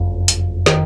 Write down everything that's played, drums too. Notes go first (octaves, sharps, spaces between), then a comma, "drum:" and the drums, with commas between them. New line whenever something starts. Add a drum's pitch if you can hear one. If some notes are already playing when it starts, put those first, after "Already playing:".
Already playing: F#1 F2
drum: hi-hat
D#3, drum: snare